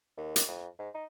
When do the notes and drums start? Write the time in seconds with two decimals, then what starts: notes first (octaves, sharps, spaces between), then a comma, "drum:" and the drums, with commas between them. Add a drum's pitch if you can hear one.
0.18 D#2
0.36 drum: hi-hat
0.48 F2
0.79 G#2
0.94 D#4